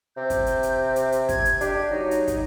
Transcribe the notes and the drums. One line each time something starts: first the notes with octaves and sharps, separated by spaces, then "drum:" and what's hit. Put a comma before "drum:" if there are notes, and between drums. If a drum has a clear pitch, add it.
C3 G6
drum: kick, hi-hat
drum: hi-hat
drum: hi-hat
drum: hi-hat
drum: hi-hat
G#6, drum: kick, hi-hat
drum: hi-hat
D4 G4, drum: hi-hat
F#3 D#4
drum: hi-hat
drum: kick, hi-hat